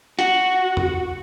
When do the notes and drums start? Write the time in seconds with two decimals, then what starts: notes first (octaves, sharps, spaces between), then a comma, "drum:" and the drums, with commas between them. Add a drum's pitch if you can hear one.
0.19 F#4, drum: hi-hat
0.77 drum: tom E2